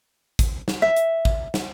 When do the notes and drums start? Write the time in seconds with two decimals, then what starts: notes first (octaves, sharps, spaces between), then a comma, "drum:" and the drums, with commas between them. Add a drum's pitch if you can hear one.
0.39 drum: kick, hi-hat
0.68 drum: snare
0.82 E5
0.96 drum: hi-hat
1.25 drum: kick
1.54 drum: snare